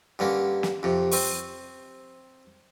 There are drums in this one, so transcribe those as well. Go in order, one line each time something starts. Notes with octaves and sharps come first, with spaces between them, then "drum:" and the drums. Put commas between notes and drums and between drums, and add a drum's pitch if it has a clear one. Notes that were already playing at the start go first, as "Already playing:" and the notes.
G2 D3 A#3 C#4
drum: snare
F2 C3
C4 C#6, drum: open hi-hat